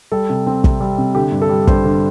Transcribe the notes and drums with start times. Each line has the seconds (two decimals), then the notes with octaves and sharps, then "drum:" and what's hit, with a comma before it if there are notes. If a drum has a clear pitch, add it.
0.12 G3 A4
0.29 C3
0.47 C4
0.64 C3, drum: kick
0.80 G3
0.98 C3
1.15 D3 G4
1.32 G2
1.42 A4
1.49 G3
1.67 G2 C5, drum: kick
1.85 D3